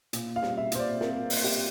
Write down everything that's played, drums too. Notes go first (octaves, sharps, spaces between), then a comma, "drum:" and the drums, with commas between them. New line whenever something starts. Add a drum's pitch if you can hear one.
A#2, drum: hi-hat
F5
G3, drum: snare
E5
A#2 C5, drum: hi-hat
D5
C4 A#4, drum: snare
A#2, drum: open hi-hat
G4